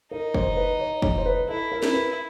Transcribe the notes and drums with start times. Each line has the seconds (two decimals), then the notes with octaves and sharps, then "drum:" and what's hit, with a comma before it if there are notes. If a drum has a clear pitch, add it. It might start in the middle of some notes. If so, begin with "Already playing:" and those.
0.11 D#4 A#4
0.34 C5, drum: kick
0.57 B4
0.80 C#5
1.02 C#5, drum: kick
1.18 C5
1.26 B4
1.48 E4 A4
1.72 A#4
1.82 E4, drum: snare
1.94 B4